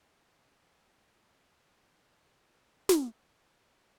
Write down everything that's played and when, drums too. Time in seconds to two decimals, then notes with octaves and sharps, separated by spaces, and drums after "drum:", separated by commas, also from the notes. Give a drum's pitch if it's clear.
0.17 F4
0.29 A#3
0.42 A5
0.60 A#5
0.72 C#4
0.85 D#2
1.01 E4
1.18 G2
1.38 F3
1.53 B1
1.67 C#4
1.80 F#2
2.89 drum: snare
3.21 D5
3.76 E5